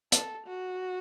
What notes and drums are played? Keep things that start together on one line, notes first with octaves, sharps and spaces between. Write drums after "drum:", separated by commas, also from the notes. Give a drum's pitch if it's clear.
A4, drum: hi-hat
F#4